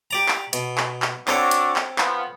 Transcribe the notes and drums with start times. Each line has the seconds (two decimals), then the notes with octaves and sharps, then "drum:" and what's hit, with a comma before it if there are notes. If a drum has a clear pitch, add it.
0.11 G4 D5 A#5
0.28 drum: clap
0.53 B2, drum: hi-hat
0.78 drum: clap
1.02 drum: clap
1.28 D3 C4 D4 F#4 A4 C#5, drum: clap
1.51 drum: hi-hat
1.76 drum: clap
1.98 F3 B3, drum: clap